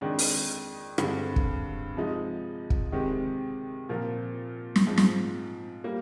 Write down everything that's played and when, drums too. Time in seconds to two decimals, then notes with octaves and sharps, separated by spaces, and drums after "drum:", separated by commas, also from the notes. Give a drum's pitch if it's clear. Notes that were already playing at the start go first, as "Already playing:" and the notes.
0.01 F2 D#3 G#3 D4
0.19 drum: open hi-hat
0.98 G2 D3 G#3 C4, drum: rim click
1.36 drum: kick
1.95 C3 F3 G#3 D#4
2.70 drum: kick
2.92 C3 D#3 G#3 C4 G4
3.89 A#2 F3 C4 F4 A#4
4.76 drum: snare
4.87 G#2 F3 C4
4.98 drum: snare
5.84 G3 A#3